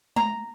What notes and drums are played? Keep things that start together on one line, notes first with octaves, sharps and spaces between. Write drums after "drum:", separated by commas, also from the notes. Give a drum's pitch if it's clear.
A#5, drum: tom G#3